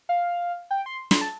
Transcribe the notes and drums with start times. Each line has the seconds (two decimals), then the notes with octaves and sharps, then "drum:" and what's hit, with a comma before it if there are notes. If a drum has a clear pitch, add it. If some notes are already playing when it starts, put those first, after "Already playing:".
0.09 F5
0.71 G5
0.86 C6
1.11 C6, drum: snare
1.21 A5